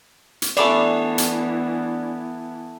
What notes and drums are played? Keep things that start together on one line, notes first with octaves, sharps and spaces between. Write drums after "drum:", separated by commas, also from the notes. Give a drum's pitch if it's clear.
drum: hi-hat
E3 A3 B3 D4 D5 G#5 B5 D6, drum: cymbal
drum: hi-hat